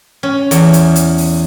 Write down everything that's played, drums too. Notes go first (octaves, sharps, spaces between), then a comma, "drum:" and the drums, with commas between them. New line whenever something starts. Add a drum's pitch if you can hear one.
C#4
E2, drum: hi-hat
drum: hi-hat
drum: hi-hat
drum: open hi-hat